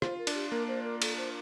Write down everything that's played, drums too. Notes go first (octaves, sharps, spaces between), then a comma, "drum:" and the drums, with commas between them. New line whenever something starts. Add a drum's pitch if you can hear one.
F4 C5, drum: rim click
A#4
D4, drum: cymbal
G4
A#3 A#4
C5
A#4
A4, drum: cymbal
C5